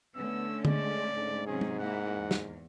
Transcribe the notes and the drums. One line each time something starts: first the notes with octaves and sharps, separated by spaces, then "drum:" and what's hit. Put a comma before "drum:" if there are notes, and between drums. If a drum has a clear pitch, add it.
D3 A3 B3 C#4 E6
G#3 D5, drum: tom D3
G#2
C3 F#3 C#4 G#4
drum: tom G#3
A#3 E4 F#5
E2
drum: snare